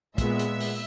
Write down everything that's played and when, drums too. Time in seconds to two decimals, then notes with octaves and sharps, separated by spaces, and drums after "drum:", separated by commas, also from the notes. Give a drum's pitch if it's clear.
0.18 A#2 G#3 B3 E5, drum: kick, hi-hat
0.39 drum: hi-hat
0.60 drum: open hi-hat